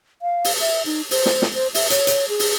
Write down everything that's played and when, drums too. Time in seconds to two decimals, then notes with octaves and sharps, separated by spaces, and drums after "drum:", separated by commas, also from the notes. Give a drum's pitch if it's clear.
0.22 F5
0.44 drum: open hi-hat
0.61 E5
0.86 D#4
1.11 C5, drum: open hi-hat
1.26 drum: snare
1.42 drum: snare
1.55 C5
1.74 E5, drum: open hi-hat
1.90 C#5, drum: hi-hat
2.07 drum: hi-hat
2.29 G#4
2.39 drum: open hi-hat